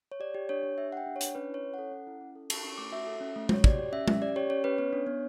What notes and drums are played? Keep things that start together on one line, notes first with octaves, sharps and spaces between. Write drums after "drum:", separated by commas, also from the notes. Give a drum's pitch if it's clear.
C#5
G4 D5
G4
D4 C#5
D4
G4 E5
G4 F#5
G5
D4
C#5
D4, drum: hi-hat
C#4 B4
E4 C#5
C#4
A4 F#5
C#4
E4
C#4
A4
A4, drum: cymbal
C#4 C#6
A3 D6
F#4 E5
A4
C#4
A3
F#4 C#5, drum: tom G#3
G4 D5, drum: kick
G4
C#4 E5
C#4, drum: tom G#3
G4 D5
G4 C#5
C#4 C#5
C#4 B4
B3 C#5
D4
B3